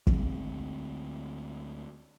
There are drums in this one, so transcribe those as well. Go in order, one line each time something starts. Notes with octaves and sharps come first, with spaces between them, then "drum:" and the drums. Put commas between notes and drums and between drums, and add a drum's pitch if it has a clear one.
D2 G#3 C4, drum: kick